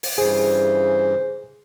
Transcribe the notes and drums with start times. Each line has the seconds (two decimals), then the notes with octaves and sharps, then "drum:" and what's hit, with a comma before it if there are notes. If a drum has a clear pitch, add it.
0.03 drum: open hi-hat
0.18 G2 C#3 E3 G#4 C5